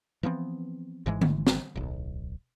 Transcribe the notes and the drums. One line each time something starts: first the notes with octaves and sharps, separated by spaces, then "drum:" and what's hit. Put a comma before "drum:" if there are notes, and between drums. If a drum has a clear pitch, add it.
E3 F3 B3 C4
G#1 G#2 E3 G#3
drum: tom D3
drum: snare
D1 B1